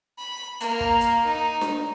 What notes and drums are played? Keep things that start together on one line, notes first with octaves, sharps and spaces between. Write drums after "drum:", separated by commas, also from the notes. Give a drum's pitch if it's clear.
B5
A#3, drum: hi-hat
drum: kick
drum: hi-hat
D#4
drum: snare D4